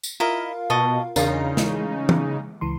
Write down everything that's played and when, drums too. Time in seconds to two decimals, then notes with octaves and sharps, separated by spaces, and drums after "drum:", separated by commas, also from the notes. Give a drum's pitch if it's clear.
0.03 drum: tambourine
0.20 E4 F4 A#4 D#5 F5 A#5
0.70 B2 D#5 A5 C#6
1.16 E2 C#3 D4 D#4 F4 A#4, drum: tambourine
1.57 E3 G#3, drum: snare
2.09 drum: tom E3
2.61 C#2 E3 C6